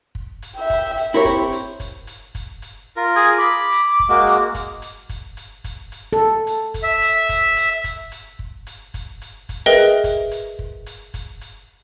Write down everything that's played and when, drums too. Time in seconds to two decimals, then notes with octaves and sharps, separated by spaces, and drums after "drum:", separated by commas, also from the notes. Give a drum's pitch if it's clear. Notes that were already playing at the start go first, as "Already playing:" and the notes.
0.15 drum: kick
0.42 drum: hi-hat
0.56 E5 G5
0.70 drum: kick, hi-hat
0.97 drum: hi-hat
1.14 C4 E4 G4 A#4 C#5
1.25 drum: kick, hi-hat
1.52 drum: hi-hat
1.80 drum: kick, hi-hat
2.07 drum: hi-hat
2.35 drum: kick, hi-hat
2.62 drum: hi-hat
2.96 F4 A#4
3.16 G#4, drum: hi-hat
3.39 B5 D6
3.72 drum: hi-hat
4.00 drum: kick
4.09 G#3 A#3 F#4
4.27 drum: hi-hat
4.54 drum: kick, hi-hat
4.82 drum: hi-hat
5.09 drum: kick, hi-hat
5.37 drum: hi-hat
5.64 drum: kick, hi-hat
5.92 drum: hi-hat
6.13 A4
6.47 drum: hi-hat
6.74 drum: kick, hi-hat
6.83 E5
7.02 drum: hi-hat
7.29 drum: kick, hi-hat
7.57 drum: hi-hat
7.84 drum: kick, hi-hat
8.12 drum: hi-hat
8.39 drum: kick
8.67 drum: hi-hat
8.94 drum: kick, hi-hat
9.22 drum: hi-hat
9.49 drum: kick, hi-hat
9.66 G#4 A#4 B4 D#5 E5 G5
9.76 drum: hi-hat
10.04 drum: kick, hi-hat
10.31 drum: hi-hat
10.59 drum: kick
10.86 drum: hi-hat
11.14 drum: kick, hi-hat
11.41 drum: hi-hat